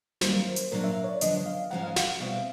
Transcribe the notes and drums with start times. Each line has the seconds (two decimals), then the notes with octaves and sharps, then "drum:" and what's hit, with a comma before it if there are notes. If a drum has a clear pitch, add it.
0.21 F#2 D#3 G3 A#3 C5, drum: snare
0.56 drum: hi-hat
0.72 A#2 F#3 A#3 D4 A#4
0.84 E5
1.04 C#5
1.09 D5
1.21 F#2 D3 F3 G#3 B3 D#5, drum: hi-hat
1.46 F5
1.71 G#2 F3 G#3 C#4 F#5
1.83 F5
1.96 F#5, drum: snare
2.09 F5
2.20 B2 G3 C4 E4 F5